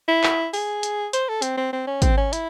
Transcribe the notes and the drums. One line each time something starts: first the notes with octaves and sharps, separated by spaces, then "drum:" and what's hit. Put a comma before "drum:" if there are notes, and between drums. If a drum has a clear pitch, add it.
E4
drum: clap
G#4, drum: open hi-hat
drum: hi-hat
C5, drum: hi-hat
A4
C4, drum: hi-hat
C4
C4
C#4
C4, drum: kick, hi-hat
C#4
E4, drum: hi-hat